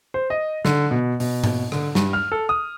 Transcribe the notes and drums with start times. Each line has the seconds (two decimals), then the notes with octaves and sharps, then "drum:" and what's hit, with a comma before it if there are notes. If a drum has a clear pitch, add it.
0.14 C5
0.30 D#5
0.65 D3, drum: snare
0.91 B2
1.20 B2, drum: open hi-hat
1.44 drum: tom G#2
1.72 D3, drum: rim click
1.95 G2, drum: snare
2.13 F6
2.32 A4
2.49 D#6